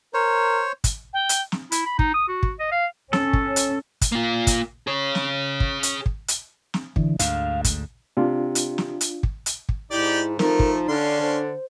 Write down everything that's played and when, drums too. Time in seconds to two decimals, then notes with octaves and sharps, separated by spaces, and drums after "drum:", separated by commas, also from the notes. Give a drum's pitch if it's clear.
0.14 A#4 C5 C#5
0.84 drum: kick, hi-hat
1.13 G5
1.29 drum: hi-hat
1.52 drum: snare
1.72 E4, drum: hi-hat
1.86 B5
1.99 D#4, drum: kick
2.14 D#6
2.29 F#4
2.43 drum: kick
2.60 D#5
2.72 F5
3.13 C#4 A4, drum: snare
3.33 drum: kick
3.56 drum: hi-hat
4.01 drum: kick, hi-hat
4.12 A#3 F4
4.47 drum: kick, hi-hat
4.87 G#4 C#5
5.15 drum: snare
5.60 drum: kick
5.83 drum: hi-hat
6.06 drum: kick
6.28 drum: hi-hat
6.74 drum: snare
6.96 D3 E3, drum: kick
7.19 D2 G#2 D3 F5, drum: hi-hat
7.64 drum: kick, hi-hat
8.17 C3 D4 F4
8.55 drum: hi-hat
8.78 drum: snare
9.01 drum: hi-hat
9.23 drum: kick
9.46 drum: hi-hat
9.69 drum: kick
9.91 G#2 D#4 E4 G4 D5
10.39 F3 A3 D#4 A#4, drum: snare
10.59 drum: kick
10.88 D3 C#4 D4 F5 C6
11.21 D3 C5